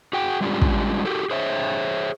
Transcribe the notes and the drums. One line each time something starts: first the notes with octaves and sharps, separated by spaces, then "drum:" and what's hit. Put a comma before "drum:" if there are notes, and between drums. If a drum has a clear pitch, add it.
F#4 G#4 G5
G3 G#3 C#4 D4 F4 G4
drum: kick
F#4 G4 A4
G#4 C5 C#5 E5